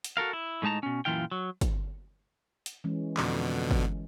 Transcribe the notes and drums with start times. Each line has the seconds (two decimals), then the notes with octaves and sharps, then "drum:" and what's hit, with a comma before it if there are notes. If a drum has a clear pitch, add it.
0.04 drum: hi-hat
0.17 F#4 A4 A#4 F5
0.33 E4
0.62 A2 G#3 D#4 A5 A#5
0.83 B2 C#4
1.05 F#2 A#2 E3 F4 F5 G5
1.31 F#3
1.61 drum: kick, hi-hat
2.66 drum: hi-hat
2.84 E3 G#3 C#4
3.17 F2 B2 D3, drum: clap
3.71 drum: kick